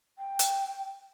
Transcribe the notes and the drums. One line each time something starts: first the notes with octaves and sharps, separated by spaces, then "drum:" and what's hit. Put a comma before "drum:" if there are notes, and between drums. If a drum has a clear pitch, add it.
G5
drum: hi-hat